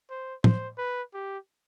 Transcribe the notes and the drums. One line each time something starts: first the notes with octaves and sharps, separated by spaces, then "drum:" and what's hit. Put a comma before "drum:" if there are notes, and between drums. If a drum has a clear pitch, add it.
C5
C5, drum: tom
B4
G4